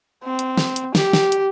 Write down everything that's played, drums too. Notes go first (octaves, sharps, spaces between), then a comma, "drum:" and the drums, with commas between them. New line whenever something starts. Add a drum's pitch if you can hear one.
C4
drum: hi-hat
drum: snare
drum: hi-hat
G4, drum: snare
drum: snare
drum: hi-hat